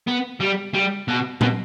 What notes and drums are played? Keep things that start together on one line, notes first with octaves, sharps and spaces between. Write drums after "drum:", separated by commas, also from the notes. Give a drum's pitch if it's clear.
B3
G3
G3
B2
B2, drum: tom A#2